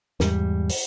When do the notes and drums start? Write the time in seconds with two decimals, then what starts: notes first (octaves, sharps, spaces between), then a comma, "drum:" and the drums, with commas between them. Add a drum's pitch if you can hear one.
0.20 E2 G#2 G3, drum: snare
0.69 drum: open hi-hat